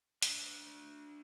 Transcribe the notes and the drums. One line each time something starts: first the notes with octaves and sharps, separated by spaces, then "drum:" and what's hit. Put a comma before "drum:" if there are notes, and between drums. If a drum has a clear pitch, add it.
D4 E5, drum: hi-hat